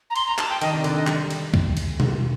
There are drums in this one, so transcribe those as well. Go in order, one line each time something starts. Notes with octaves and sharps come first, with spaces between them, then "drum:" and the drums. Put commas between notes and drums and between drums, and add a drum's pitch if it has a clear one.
A#5
C6, drum: cymbal
A#5
A5, drum: clap
G5
D#3 D#5, drum: cymbal
C3 D5
D3 D5, drum: cymbal
D#3 D#5
G3 D5, drum: clap
drum: cymbal
drum: kick
drum: cymbal
drum: tom B2